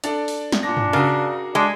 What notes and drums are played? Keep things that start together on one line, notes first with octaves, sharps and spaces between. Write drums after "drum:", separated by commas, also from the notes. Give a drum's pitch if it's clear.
D4 A4 D5, drum: hi-hat
drum: open hi-hat
drum: snare
A#2 D4 A#6
drum: tom
C#3 F#4 G#4 A#4
G#3 D4